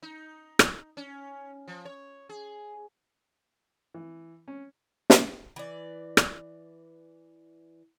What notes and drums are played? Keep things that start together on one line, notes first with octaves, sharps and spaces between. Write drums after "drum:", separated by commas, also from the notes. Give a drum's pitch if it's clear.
D#4
drum: rim click
C#4
F3
C#5
G#4
E3
C#4
drum: snare
E3 D5
drum: rim click